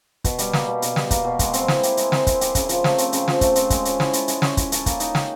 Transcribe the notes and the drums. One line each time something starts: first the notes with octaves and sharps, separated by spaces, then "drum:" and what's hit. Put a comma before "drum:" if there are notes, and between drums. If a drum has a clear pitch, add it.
B2, drum: kick, hi-hat
G3, drum: hi-hat
A#3, drum: snare
B2
B2, drum: hi-hat
G3, drum: snare
A#3, drum: kick, hi-hat
B2
G#3, drum: kick, hi-hat
C4, drum: hi-hat
E4, drum: snare
G4, drum: hi-hat
G#3, drum: hi-hat
C4, drum: snare
E4, drum: kick, hi-hat
G4, drum: hi-hat
C#3, drum: kick, hi-hat
F3, drum: hi-hat
A3, drum: snare
C4, drum: hi-hat
C#3, drum: hi-hat
F3, drum: snare
A3, drum: kick, hi-hat
C4, drum: hi-hat
G#3, drum: kick, hi-hat
C#4, drum: hi-hat
E4, drum: snare
A4, drum: hi-hat
G#3, drum: hi-hat
C#4, drum: snare
E4, drum: kick, hi-hat
A4, drum: hi-hat
A#3, drum: kick, hi-hat
D#4, drum: hi-hat
G4, drum: snare